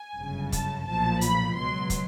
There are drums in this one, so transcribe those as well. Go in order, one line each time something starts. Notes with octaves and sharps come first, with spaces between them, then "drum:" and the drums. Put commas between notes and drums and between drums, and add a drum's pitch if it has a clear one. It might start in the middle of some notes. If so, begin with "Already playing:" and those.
Already playing: G#5
G1 F#2 C#3
A5, drum: kick, hi-hat
B1 A#2 F3 A5
B5, drum: hi-hat
C#2 B2 F#3 C6
drum: kick, hi-hat